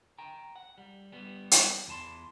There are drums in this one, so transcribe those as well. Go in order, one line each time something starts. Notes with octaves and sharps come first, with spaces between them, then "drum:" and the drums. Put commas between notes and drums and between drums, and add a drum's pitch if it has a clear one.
G5 A#5
F#5
G3
G3 B3
drum: hi-hat
E2 E3 A5 C6